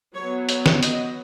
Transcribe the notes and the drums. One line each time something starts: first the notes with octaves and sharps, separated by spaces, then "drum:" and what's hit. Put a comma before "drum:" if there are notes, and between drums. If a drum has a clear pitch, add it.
F#3 B3 C#5
C#5, drum: hi-hat
drum: snare
D#5, drum: hi-hat